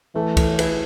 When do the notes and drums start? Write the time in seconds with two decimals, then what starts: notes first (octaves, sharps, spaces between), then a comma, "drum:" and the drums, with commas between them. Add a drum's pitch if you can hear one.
0.15 E3 A3
0.37 drum: kick, cymbal
0.59 E4 G#4 B4, drum: cymbal